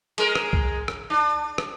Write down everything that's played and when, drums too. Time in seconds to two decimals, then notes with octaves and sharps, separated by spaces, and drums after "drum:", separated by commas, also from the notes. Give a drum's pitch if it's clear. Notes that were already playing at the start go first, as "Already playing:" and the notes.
0.18 G#3 A#4, drum: cymbal
0.35 drum: rim click
0.53 drum: kick C2
0.88 drum: rim click
1.10 D4
1.58 drum: rim click